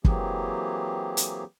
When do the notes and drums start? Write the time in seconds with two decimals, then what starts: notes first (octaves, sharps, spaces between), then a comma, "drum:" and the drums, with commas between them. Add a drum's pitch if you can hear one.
0.04 E3 F#3 A#3 C4 G4 G#4, drum: kick
1.17 drum: hi-hat